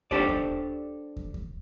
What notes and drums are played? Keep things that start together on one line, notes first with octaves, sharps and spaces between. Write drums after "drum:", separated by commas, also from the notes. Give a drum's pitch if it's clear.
D4 G4 A4 C5 D5, drum: kick
drum: kick
drum: kick
drum: kick